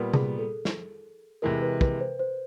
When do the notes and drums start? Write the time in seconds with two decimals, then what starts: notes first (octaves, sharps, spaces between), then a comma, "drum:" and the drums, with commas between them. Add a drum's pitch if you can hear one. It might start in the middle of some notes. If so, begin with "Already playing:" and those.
Already playing: A#2 G3 B3 A#4
0.13 G#4, drum: tom C3
0.39 A4
0.65 drum: snare
1.42 C3 E3 G#3 A#4
1.62 B4
1.81 B4, drum: kick
2.00 C5
2.19 C5